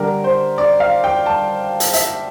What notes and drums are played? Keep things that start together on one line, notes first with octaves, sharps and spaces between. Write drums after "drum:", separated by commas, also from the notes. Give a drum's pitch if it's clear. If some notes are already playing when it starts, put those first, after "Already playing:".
Already playing: D3 G3 D4 A#4
C5
D5
F5
G5
A5
drum: hi-hat
E5, drum: hi-hat